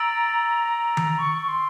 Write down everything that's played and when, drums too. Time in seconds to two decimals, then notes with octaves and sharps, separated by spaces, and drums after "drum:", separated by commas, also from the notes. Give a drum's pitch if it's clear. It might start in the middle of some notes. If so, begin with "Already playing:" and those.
Already playing: A#5 E6 A6 D7 F#7
0.97 drum: tom D#3
1.18 C#6
1.42 C#6
1.48 C6